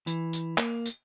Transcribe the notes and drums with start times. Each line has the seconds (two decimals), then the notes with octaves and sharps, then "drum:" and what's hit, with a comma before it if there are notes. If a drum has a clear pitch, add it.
0.07 E3, drum: tambourine
0.33 drum: tambourine
0.58 A#3, drum: clap
0.86 drum: tambourine